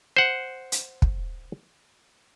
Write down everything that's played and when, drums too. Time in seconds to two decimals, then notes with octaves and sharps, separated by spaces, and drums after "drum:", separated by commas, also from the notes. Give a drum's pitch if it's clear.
0.16 C5 F#5
0.72 drum: hi-hat
1.02 drum: kick